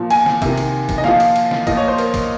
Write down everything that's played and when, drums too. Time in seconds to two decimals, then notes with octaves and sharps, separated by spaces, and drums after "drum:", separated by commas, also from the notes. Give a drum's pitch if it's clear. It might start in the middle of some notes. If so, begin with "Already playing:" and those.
Already playing: A#2 F3
0.10 G#5, drum: cymbal
0.26 drum: snare
0.42 C3 D#3, drum: kick, cymbal
0.57 drum: cymbal
0.89 drum: kick, cymbal
0.98 D#5
1.04 A#2 F3 F5, drum: snare
1.20 drum: cymbal
1.36 drum: cymbal
1.51 drum: snare
1.67 A#2 F3 D#5, drum: kick, cymbal
1.77 C#5
1.88 C5
1.98 A#4, drum: cymbal
2.14 drum: kick, cymbal